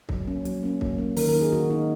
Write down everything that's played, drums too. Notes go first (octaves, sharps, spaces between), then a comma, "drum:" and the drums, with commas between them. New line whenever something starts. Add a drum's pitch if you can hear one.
F#3, drum: kick C2
A#3 C#4
F#3, drum: hi-hat
A#3 C#4
F#3, drum: kick C2
A#3 C#4
D#3 A#4, drum: open hi-hat
A#4
A#3 D#4
G#4
D#3 F#4
A#3 D#4